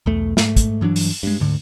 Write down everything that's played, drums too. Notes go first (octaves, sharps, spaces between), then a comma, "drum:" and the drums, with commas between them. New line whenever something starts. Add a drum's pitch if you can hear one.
B1 E2 A3
G#2 A3, drum: snare
drum: kick, hi-hat
G2 E3 F#3 D4
drum: open hi-hat
G2 G#3
D2 G#2 D3